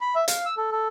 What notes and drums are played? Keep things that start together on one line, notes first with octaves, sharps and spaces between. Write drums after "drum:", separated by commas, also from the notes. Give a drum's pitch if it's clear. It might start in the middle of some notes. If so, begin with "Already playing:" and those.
B5
E5
F5, drum: hi-hat
E6
A4
A4